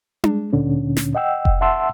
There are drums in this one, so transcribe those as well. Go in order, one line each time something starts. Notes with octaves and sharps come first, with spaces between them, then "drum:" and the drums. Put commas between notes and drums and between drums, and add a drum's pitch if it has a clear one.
G#3, drum: tom D4
D2 A#2 D3 C#4
drum: snare
D#5 F#5 G5 E6
drum: kick F1
E5 F#5 A5 C6 E6